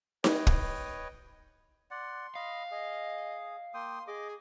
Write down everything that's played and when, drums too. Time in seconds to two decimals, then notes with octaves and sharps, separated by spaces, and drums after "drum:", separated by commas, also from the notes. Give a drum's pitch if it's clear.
0.24 B4 C#5 D#5 G5, drum: snare D#4
0.47 drum: kick
1.91 D5 F#5 C6
2.36 D#5 F5 B5
2.71 G#4 D#5
3.74 A#3 G5 C6 D#6
4.07 G#4 D#5 D6